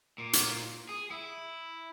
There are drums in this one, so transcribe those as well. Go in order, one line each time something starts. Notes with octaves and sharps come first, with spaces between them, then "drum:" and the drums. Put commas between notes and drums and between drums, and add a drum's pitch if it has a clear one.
A#2
drum: hi-hat
G#4
E4